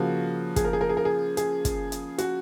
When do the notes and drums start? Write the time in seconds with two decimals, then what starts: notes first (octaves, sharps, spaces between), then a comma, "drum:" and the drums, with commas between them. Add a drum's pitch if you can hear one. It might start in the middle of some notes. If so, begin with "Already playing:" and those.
Already playing: C#3 F3 A#3 F#4
0.56 G#4, drum: kick, hi-hat
0.65 A#4
0.73 G#4
0.81 A#4
0.89 G#4
0.97 A#4
1.05 G#4
1.37 G#4, drum: hi-hat
1.65 drum: kick, hi-hat
1.92 drum: hi-hat
2.18 F#4, drum: hi-hat